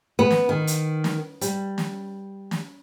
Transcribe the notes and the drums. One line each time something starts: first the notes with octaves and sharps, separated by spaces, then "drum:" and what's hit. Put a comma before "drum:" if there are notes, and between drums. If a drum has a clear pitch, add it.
B3
drum: snare
D#3
drum: hi-hat
drum: snare
G3, drum: hi-hat
drum: snare
drum: snare